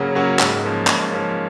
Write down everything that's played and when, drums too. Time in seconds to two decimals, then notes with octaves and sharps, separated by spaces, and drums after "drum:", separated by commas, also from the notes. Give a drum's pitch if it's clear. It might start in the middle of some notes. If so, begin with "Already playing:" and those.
Already playing: C#3 F#3 A#3 C#4 F#4
0.15 F#3 A#3 C#4 F#4
0.39 G#2, drum: clap
0.64 F3 A#3 C#4
0.87 G#2, drum: clap
1.11 F3 A#3 C#4